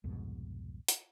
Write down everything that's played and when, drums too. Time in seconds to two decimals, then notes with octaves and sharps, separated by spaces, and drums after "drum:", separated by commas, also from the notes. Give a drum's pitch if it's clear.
0.04 C2 F2 G#2 B2
0.88 drum: hi-hat